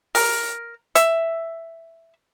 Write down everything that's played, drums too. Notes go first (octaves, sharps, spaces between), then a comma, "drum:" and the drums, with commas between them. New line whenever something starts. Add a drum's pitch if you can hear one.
A#4, drum: open hi-hat
E5, drum: hi-hat